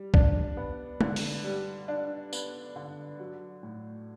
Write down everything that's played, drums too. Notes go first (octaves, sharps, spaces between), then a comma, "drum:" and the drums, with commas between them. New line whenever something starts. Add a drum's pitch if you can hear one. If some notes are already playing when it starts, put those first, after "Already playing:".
Already playing: G3
D4, drum: kick
B3
D3, drum: tom
drum: open hi-hat
G3
D4
B3, drum: tambourine
D3
F#3
A2